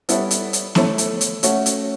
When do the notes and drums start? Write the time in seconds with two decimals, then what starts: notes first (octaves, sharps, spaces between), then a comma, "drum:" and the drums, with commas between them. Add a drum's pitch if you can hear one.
0.09 G3 B3 E4 A4 C#5, drum: hi-hat
0.31 drum: hi-hat
0.53 drum: hi-hat
0.75 A3 E4 A4 C#5, drum: snare B3
0.98 drum: hi-hat
1.21 drum: hi-hat
1.43 A3 C#4 F#4 C#5, drum: hi-hat
1.66 drum: hi-hat